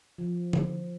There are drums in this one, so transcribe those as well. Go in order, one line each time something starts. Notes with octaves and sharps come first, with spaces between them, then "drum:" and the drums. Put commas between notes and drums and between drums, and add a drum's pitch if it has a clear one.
F3
drum: tom